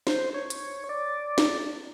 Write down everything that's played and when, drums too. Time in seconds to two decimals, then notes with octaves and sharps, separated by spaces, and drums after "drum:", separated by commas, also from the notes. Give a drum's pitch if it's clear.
0.07 C5, drum: snare
0.34 C#5
0.50 drum: hi-hat
0.89 D5
1.38 drum: snare